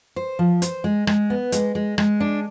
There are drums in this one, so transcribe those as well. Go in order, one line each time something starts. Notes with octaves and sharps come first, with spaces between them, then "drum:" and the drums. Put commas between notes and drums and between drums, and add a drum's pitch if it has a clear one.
C5
F3
C5, drum: hi-hat
G#3
G#3, drum: rim click
B3
G#3, drum: hi-hat
G#3
G#3, drum: rim click
D4